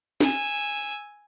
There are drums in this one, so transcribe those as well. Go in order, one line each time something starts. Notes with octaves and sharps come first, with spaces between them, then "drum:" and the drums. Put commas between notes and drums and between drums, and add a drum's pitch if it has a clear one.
G#5 E6, drum: snare